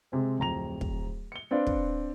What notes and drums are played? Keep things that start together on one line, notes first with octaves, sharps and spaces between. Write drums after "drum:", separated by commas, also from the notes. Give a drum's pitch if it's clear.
C3 G#3 C4
D1 F2 A#5 F7
drum: kick
C#7 G7
C4 D4 B4 D5 F5
drum: kick